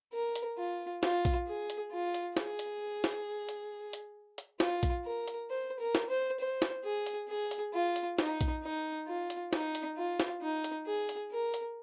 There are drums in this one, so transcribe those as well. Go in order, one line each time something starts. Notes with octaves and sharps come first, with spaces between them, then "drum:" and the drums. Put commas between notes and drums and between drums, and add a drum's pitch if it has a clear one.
A#4
drum: hi-hat
F4
F4, drum: snare
drum: kick A#1, hi-hat
G#4
drum: hi-hat
F4
drum: hi-hat
G#4, drum: snare
drum: hi-hat
drum: snare
drum: hi-hat
drum: hi-hat
drum: hi-hat
F4, drum: snare
drum: kick A#1, hi-hat
A#4
drum: hi-hat
C5
A#4
drum: snare
C5
C5
drum: snare
G#4
drum: hi-hat
G#4
drum: hi-hat
F4
drum: hi-hat
D#4, drum: snare
drum: kick A#1, hi-hat
D#4
F4
drum: hi-hat
D#4, drum: snare
drum: hi-hat
F4
drum: snare
D#4
drum: hi-hat
G#4
drum: hi-hat
A#4
drum: hi-hat